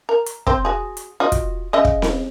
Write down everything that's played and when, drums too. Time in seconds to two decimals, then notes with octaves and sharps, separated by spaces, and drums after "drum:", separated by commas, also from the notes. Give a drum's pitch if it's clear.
0.09 A#4
0.26 drum: hi-hat
0.47 C4 C5, drum: kick
0.65 F#4 G#4
0.97 drum: hi-hat
1.20 F4 F#4 D#5
1.32 drum: kick, hi-hat
1.73 C#3 D#5 E5
1.85 drum: kick
2.02 drum: snare C4